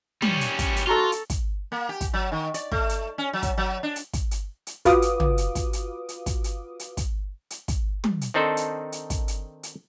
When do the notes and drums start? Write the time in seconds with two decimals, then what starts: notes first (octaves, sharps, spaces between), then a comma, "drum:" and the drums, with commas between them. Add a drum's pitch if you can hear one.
0.22 G3 C#4, drum: tom
0.41 drum: hi-hat
0.59 drum: kick, hi-hat
0.76 drum: hi-hat
0.87 F4 F#4 A4 A#5 C#6
1.12 drum: hi-hat
1.30 drum: kick, hi-hat
1.72 A#3
1.89 G4
2.01 drum: kick, hi-hat
2.13 F#3
2.32 D#3
2.54 D5, drum: hi-hat
2.72 A3, drum: kick
2.89 drum: hi-hat
3.18 C#4
3.33 F#3
3.43 drum: kick, hi-hat
3.58 F#3
3.83 D4
3.96 drum: hi-hat
4.13 drum: kick, hi-hat
4.31 drum: hi-hat
4.67 drum: hi-hat
4.85 F4 F#4 B4 F5 D6 D#6, drum: kick, hi-hat
5.02 drum: hi-hat
5.20 drum: tom
5.38 drum: hi-hat
5.55 drum: kick, hi-hat
5.73 drum: hi-hat
6.09 drum: hi-hat
6.26 drum: kick, hi-hat
6.44 drum: hi-hat
6.80 drum: hi-hat
6.97 drum: kick, hi-hat
7.50 drum: hi-hat
7.68 drum: kick, hi-hat
8.04 drum: tom
8.21 drum: hi-hat
8.34 D#3 C4 D4 D#4 A4 C5
8.57 drum: hi-hat
8.92 drum: hi-hat
9.10 drum: kick, hi-hat
9.28 drum: hi-hat
9.63 drum: hi-hat